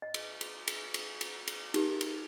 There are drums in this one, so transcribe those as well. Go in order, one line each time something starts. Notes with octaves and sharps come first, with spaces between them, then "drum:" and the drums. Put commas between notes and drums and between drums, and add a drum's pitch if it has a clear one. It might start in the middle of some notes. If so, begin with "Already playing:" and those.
D#5
drum: cymbal
drum: cymbal
drum: cymbal
drum: cymbal
drum: cymbal
drum: cymbal
D#4 G4 A#4, drum: cymbal
drum: cymbal